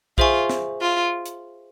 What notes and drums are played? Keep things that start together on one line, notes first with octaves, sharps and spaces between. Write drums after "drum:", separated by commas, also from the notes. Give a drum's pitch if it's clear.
F4 G#4 C5 E5 G#5 C#6, drum: kick A#1
drum: snare
F4
drum: hi-hat